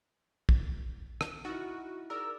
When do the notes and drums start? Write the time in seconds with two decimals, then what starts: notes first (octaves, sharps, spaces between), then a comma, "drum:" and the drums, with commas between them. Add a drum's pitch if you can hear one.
0.49 drum: kick
1.21 drum: rim click
1.45 D#4 E4 F#4
2.10 G#4 A#4 D5 E6